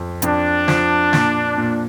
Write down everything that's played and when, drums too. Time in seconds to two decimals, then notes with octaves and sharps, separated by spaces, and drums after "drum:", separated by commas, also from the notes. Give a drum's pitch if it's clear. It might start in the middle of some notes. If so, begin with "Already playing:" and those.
Already playing: F2
0.22 F2 D4, drum: hi-hat
0.68 F3, drum: snare
1.13 A#2, drum: snare
1.57 A#2